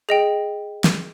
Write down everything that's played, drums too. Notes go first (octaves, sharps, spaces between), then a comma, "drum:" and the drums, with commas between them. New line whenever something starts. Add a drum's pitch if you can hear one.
G#4 D#5 G5 F7
drum: snare